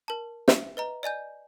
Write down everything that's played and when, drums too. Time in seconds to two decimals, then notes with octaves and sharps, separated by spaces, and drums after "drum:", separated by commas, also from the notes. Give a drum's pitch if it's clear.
0.08 A#4 A5
0.48 E5, drum: snare
0.77 B4 D#5 A#5
1.03 D5 D#5 G#5 G6